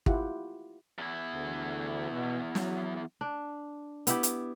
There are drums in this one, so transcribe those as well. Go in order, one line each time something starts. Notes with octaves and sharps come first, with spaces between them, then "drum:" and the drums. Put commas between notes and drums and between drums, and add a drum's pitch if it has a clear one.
E4 F4 G4 F#5, drum: kick
E2 E4
D2
B2
F#3, drum: snare
D4
B3 E4 G4, drum: hi-hat
drum: hi-hat